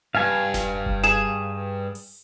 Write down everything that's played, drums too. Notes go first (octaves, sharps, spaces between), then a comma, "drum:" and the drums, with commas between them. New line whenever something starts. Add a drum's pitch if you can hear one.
G2 F5 G#5
drum: snare E1
drum: kick F#1
G#4 E7
drum: open hi-hat